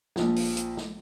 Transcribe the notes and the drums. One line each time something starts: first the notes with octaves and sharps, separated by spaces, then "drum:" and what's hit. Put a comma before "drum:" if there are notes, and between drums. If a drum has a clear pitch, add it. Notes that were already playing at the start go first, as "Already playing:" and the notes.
A#1 F3, drum: snare
drum: open hi-hat
drum: hi-hat
drum: snare